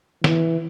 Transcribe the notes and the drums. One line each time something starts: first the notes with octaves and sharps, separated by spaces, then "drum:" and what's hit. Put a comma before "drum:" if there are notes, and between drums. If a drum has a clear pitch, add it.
E3, drum: snare